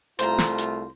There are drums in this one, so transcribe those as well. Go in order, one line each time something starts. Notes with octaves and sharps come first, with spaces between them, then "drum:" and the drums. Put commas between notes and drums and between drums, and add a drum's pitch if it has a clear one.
C2 A3 F4 C5 A#5, drum: hi-hat
drum: snare
drum: hi-hat